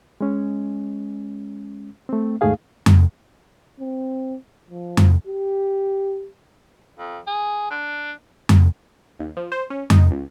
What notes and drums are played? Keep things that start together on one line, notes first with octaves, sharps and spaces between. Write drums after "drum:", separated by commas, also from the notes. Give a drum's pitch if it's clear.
G#3 C#4
A3 C4
D#2 G#2 A3 D#4 G#4 F5
drum: tom F2
C4
F3
drum: tom F2
G4
F2
G#4
D4
drum: tom F2
D#2
F3
C5
C#4
D#4, drum: tom F2
C#2